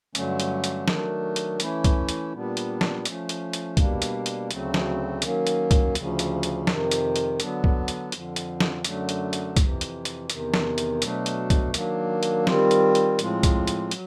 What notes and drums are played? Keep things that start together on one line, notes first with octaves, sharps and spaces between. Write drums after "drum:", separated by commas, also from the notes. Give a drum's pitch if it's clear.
G2 D3 F#3 A3 C#4, drum: hi-hat
drum: hi-hat
drum: hi-hat
D#3 F#3 A3 D4, drum: snare
drum: hi-hat
E3 A3 C#4 E4, drum: hi-hat
drum: kick C2, hi-hat
drum: hi-hat
A#2 G3 B3 D4
drum: hi-hat
drum: snare
F3 A3 C#4, drum: hi-hat
drum: hi-hat
drum: hi-hat
B2 G3 A#3 D4, drum: kick C2, hi-hat
drum: hi-hat
drum: hi-hat
D2 C#3 F#3 A3 C4, drum: hi-hat
drum: snare
D#3 F#3 A#3 C#4, drum: hi-hat
drum: hi-hat
drum: kick C2, hi-hat
D2 C#3 F3, drum: hi-hat
drum: hi-hat
drum: hi-hat
F2 C3 D#3, drum: snare
drum: hi-hat
drum: hi-hat
D3 F#3 B3 D4, drum: hi-hat
drum: kick C2
drum: hi-hat
F2 D3 F3, drum: hi-hat
drum: hi-hat
drum: snare
F#2 D3 F#3 A3 D4, drum: hi-hat
drum: hi-hat
drum: hi-hat
F2 C3 E3, drum: kick C2, hi-hat
drum: hi-hat
drum: hi-hat
E2 C3 D#3, drum: hi-hat
drum: snare
drum: hi-hat
B2 F#3 A3 D4, drum: hi-hat
drum: hi-hat
drum: kick C2, hi-hat
D#3 F#3 A#3 D4, drum: hi-hat
drum: hi-hat
D#3 G3 C4 F4, drum: snare
drum: hi-hat
drum: hi-hat
A2 F3 G#3 C4 F4, drum: hi-hat
drum: kick C2, hi-hat
drum: hi-hat
F#3, drum: hi-hat